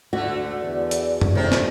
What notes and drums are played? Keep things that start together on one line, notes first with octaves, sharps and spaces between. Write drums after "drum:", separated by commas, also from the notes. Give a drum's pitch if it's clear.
D2 D3 A3 F#4
E2
drum: hi-hat
drum: tom F#2
A2 C3 D#3 A#3 D4
drum: snare